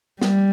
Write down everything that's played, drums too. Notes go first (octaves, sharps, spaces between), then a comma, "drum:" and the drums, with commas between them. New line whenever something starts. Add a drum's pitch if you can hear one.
G3, drum: snare